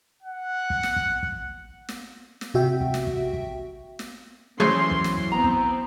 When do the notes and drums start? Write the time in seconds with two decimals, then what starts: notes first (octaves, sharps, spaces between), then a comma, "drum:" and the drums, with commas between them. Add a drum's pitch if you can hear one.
0.23 F#5
0.70 drum: kick
0.83 drum: snare
0.96 drum: kick
1.23 drum: kick
1.89 drum: snare
2.41 drum: snare
2.54 C3 F#4 E5 G5
2.81 drum: kick
2.94 drum: snare
3.07 drum: kick
3.33 drum: kick
3.99 drum: snare
4.60 E3 F#3 A3 C#4 G#4 C5 C6
4.91 drum: kick
5.04 drum: snare
5.17 drum: kick
5.32 B3 C4 A#5
5.44 drum: kick